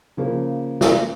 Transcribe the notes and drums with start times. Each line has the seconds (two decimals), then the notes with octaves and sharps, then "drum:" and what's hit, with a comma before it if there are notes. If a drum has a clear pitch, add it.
0.17 C#3 F3 A#3
0.81 drum: snare